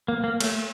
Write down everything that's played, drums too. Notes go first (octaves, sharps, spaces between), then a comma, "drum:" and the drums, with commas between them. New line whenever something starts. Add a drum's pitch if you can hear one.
A#3
A#3
A3, drum: cymbal